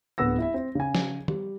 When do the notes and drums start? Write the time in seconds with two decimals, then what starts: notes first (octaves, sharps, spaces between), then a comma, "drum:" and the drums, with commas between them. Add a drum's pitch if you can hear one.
0.18 D1 D3 B3 F#5 E6 A#6
0.38 E4 E5
0.54 C4
0.75 C#3 G#5
0.95 drum: snare
1.28 G3, drum: tom